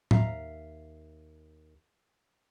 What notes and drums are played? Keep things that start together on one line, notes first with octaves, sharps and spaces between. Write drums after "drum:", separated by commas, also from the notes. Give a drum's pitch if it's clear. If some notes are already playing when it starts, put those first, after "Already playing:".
D#2 E5 F5 A#5, drum: tom A2